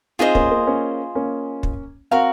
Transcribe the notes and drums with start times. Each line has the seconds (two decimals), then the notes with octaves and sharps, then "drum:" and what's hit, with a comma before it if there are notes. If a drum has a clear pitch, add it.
0.19 C4 D#4 F4 G#4 C5 D#5
0.35 A#3 C#4, drum: kick
0.51 A#3
0.67 A#3 C#4
1.15 A#3 C#4
1.63 drum: kick
2.11 C4 F#4 A#4 F5